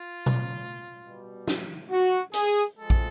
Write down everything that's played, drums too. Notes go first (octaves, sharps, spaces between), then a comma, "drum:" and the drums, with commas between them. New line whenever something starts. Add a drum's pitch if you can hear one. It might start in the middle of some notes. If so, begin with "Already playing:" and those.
Already playing: F4
drum: tom B2
B2 G3
drum: snare
F#4
G#4, drum: hi-hat
F3 G#3 A4
drum: kick